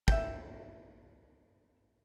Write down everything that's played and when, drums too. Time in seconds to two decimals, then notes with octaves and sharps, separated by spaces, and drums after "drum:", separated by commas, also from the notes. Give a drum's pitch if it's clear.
0.08 E5 G5, drum: kick